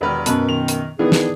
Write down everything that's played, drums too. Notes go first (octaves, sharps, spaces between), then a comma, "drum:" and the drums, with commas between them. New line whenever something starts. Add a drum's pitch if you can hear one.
E1 G2 D#3 B4 F6
F#2 B2 D#4 A#4 B4 A5 B5, drum: hi-hat
D#3 F7
drum: hi-hat
D#3 E3 B3 D4 G#4
drum: snare